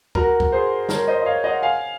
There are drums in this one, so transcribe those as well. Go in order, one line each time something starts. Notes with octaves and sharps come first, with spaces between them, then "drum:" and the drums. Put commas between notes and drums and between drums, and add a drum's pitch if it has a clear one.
F#4 A#4, drum: kick C#2
drum: kick C#2
G#4 C5
A#4 C#5, drum: snare
C5 D#5
D#5
C#5 F5
D#5 F#5
F5 G#5